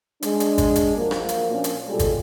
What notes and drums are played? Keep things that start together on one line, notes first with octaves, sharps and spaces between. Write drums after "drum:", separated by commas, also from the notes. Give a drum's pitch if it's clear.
G#3 D4, drum: hi-hat
drum: hi-hat
drum: kick, hi-hat
drum: hi-hat
F3 F#3 A#3
drum: rim click
drum: hi-hat
A#2 F3 A#3 C#4 D4
drum: hi-hat
B2 G3 G#3 F4 A4
drum: kick, hi-hat